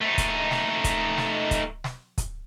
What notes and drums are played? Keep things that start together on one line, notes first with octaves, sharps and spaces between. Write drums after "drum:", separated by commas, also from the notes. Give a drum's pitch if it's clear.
A3 D#4
drum: kick, hi-hat
drum: snare
drum: kick, hi-hat
drum: snare
drum: kick, hi-hat
drum: snare
drum: kick, hi-hat